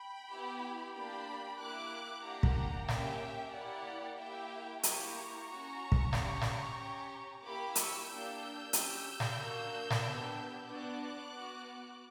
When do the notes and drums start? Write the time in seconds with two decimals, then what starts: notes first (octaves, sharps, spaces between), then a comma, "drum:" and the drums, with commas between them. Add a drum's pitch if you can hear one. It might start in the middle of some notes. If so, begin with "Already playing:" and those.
Already playing: G5 B5
0.30 B3 E4 G4
0.94 A#3 D4 G4 G5 B5
1.60 A#3 E4 G4 D6 F#6
2.24 A#3 D4 G4 F#5 A#5
2.43 drum: kick
2.89 A#3 C#4 G4 E5 G5, drum: snare
3.54 A#3 E4 G4 D5 F#5
4.19 A#3 E4 G4 E5 G5
4.83 A#3 E4 G4 A#5 C#6, drum: hi-hat
5.48 C#4 F#4
5.92 drum: kick
6.13 C#4 G4, drum: snare
6.42 drum: snare
6.78 C#4 G4
7.43 A#3 E4 G4 B5 D6
7.75 C#6 E6, drum: hi-hat
8.07 A#3 D4 G4 E6 G6
8.73 C#4 G4, drum: hi-hat
9.20 drum: snare
9.37 A#3 D4 F#4
9.91 drum: snare
10.02 B3 D4 G4
10.67 B3 D4 F#4 D6 F#6
11.32 B3 F#4